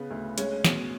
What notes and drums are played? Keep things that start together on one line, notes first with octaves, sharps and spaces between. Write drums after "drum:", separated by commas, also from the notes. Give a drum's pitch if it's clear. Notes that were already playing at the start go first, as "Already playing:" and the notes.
Already playing: C#3 B3
D2
G#3 C#4, drum: hi-hat
B2, drum: snare